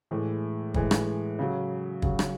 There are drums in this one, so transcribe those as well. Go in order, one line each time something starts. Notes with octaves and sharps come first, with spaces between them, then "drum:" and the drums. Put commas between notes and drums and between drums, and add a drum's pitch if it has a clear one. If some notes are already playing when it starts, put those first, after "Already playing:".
A2 E3 G#3
A2 E3 G#3, drum: kick
drum: rim click
C#3 F#3
C#3 F#3, drum: kick
drum: rim click